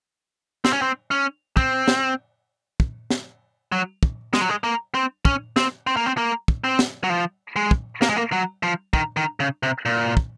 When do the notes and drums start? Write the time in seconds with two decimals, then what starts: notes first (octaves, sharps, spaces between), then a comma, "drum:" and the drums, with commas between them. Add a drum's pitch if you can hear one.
0.65 C4, drum: snare
0.73 C#4
0.82 C4
1.11 C#4
1.57 C4, drum: kick
1.88 drum: snare
2.80 drum: kick
3.10 drum: snare
3.72 F#3
4.03 drum: kick
4.34 G#3, drum: snare
4.41 F#3
4.49 G#3
4.64 A#3
4.95 C4
5.25 C#4, drum: kick
5.56 C4, drum: snare
5.87 C4
5.96 A#3
6.06 C4
6.17 A#3
6.48 drum: kick
6.64 C4
6.79 drum: snare
7.04 F#3
7.10 F3
7.56 G#3
7.71 drum: kick
8.02 A#3, drum: snare
8.09 G#3
8.17 A#3
8.32 F#3
8.63 F3
8.93 D#3, drum: kick
9.17 D#3
9.40 C#3
9.63 C3
9.85 A#2
10.17 drum: kick